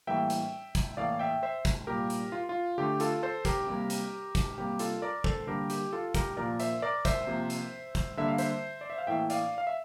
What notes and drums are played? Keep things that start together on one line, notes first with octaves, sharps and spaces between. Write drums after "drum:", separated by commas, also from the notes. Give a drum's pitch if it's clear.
A2 E3 G3 A#3 E5 G5
drum: hi-hat
drum: kick, hi-hat
A2 E3 A#3 D5 F5
E5 G5
C5 E5
drum: kick, hi-hat
A#2 G3 A#3 G4 A#4
drum: hi-hat
F4
F4
D3 A3 G4
F4 A4, drum: hi-hat
A4 C5
G4 A#4, drum: kick, hi-hat
C3 G3 A#3
drum: hi-hat
drum: kick, hi-hat
C3 G3 A#3 G4
F4 A4, drum: hi-hat
A#4 D5
A4 C5, drum: kick
D3 G3 A#3 G4 A#4
G4, drum: hi-hat
F4 A4
G4 A#4, drum: kick, hi-hat
A#2 F3 A#3 A#4 D5
C5 E5, drum: hi-hat
A#4 D5
C5 E5, drum: kick, hi-hat
C3 F3 A#3
drum: hi-hat
drum: kick, hi-hat
D3 G3 A#3 E5
F5
C5 E5, drum: hi-hat
D5
E5
F5
A2 E3 A#3 E5 G5
D5 F5, drum: hi-hat
F5
E5